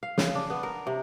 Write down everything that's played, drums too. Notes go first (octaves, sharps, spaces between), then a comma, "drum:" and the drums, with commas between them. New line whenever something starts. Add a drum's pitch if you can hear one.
F5
C#3, drum: snare
D4
B3
A#4
C3